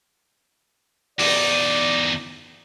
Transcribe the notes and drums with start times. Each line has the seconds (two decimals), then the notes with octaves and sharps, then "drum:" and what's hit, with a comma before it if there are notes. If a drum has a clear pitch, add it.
1.19 E2 D#4 D5, drum: open hi-hat